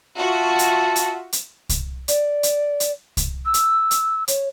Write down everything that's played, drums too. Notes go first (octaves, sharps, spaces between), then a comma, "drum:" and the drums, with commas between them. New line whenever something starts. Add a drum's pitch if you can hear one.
F4 F#4 E5 A5
drum: hi-hat
drum: hi-hat
drum: hi-hat
drum: kick C2, hi-hat
D5, drum: hi-hat
drum: hi-hat
drum: hi-hat
drum: kick C2, hi-hat
E6
drum: hi-hat
drum: hi-hat
C#5, drum: hi-hat